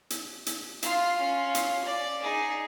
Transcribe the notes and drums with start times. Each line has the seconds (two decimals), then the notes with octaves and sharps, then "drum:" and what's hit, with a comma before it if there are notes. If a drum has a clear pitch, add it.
0.10 drum: hi-hat
0.46 drum: hi-hat
0.82 F4, drum: hi-hat
1.17 C#4 F4
1.55 drum: hi-hat
1.84 D5
2.23 D#4 G#4